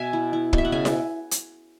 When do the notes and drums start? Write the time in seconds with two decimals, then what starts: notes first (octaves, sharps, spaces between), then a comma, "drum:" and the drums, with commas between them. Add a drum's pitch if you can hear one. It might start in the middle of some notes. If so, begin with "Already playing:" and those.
Already playing: B2 E5 G#5
0.13 E4
0.33 E4
0.53 B2, drum: kick
0.58 E5
0.65 F#5
0.72 C#3 E5 G#5
0.85 drum: snare E4
1.31 drum: hi-hat